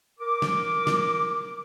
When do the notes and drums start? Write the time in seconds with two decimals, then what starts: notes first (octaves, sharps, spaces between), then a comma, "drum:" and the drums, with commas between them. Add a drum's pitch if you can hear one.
0.20 A#4 D6
0.42 drum: snare
0.87 drum: snare